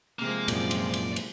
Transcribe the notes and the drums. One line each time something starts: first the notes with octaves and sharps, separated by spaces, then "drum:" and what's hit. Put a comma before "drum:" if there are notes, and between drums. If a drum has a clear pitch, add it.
C3 F3 G#3 A#3
F#2 A#2 D5, drum: cymbal
drum: cymbal
drum: cymbal
drum: cymbal